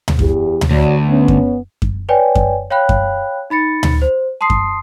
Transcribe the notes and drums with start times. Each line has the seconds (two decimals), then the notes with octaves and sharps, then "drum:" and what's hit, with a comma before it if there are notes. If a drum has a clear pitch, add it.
0.08 drum: tom D2
0.19 E2 G4, drum: kick F#2
0.61 drum: tom D2
0.71 D2 F#4 C#5 D5
1.09 B3 C#4
1.28 drum: kick F#2
1.82 drum: kick F#2
2.09 B4 C#5 D5 G5 G#5
2.35 drum: kick F#2
2.71 C#5 F5 G5 B5 F#6
2.89 drum: kick F#2
3.50 D#4 B5 A6 C#7
3.83 drum: tom D2
4.02 C5
4.41 A5 C6 D#6 C7
4.50 drum: kick F#2